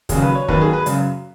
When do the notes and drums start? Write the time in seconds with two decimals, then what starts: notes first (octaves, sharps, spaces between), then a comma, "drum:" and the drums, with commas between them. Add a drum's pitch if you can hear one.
0.09 D#2 C#3 F#3 G#4, drum: kick, hi-hat
0.22 B4
0.35 C#5
0.48 D#2 D#3 F#3 B4, drum: kick
0.61 G#4
0.73 B4
0.86 F#2 C#3 F#3, drum: hi-hat